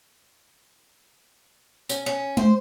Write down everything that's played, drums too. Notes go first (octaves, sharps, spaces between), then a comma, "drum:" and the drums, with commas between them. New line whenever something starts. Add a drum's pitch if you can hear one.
C#4, drum: tambourine
C#4
C5, drum: tom G#3